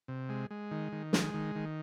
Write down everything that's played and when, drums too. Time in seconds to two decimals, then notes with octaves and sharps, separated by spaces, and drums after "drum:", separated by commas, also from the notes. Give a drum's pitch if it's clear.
0.08 C3
0.29 G#3
0.51 G#3
0.71 D#3
0.92 D#3
1.13 G#3, drum: snare
1.34 D#3
1.55 D#3